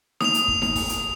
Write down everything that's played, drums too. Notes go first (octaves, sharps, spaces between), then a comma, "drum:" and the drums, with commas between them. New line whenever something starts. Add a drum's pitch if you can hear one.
D#6 F7, drum: snare D#4
drum: hi-hat
drum: kick
drum: snare D#4
drum: kick, open hi-hat
drum: hi-hat